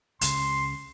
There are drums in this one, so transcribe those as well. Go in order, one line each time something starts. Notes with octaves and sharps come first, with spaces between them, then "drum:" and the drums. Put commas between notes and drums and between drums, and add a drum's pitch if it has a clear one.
C#2 C#3 C6, drum: hi-hat